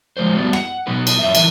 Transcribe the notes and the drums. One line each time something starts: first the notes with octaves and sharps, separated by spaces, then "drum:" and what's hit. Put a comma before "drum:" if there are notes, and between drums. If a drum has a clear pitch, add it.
F3 G#3 A#3 C5
G3 B3 D4 F#4
F#5, drum: rim click
B2 F#3 B3 D#4 B4
drum: cymbal
F2 C#5 E5
D3 E3, drum: cymbal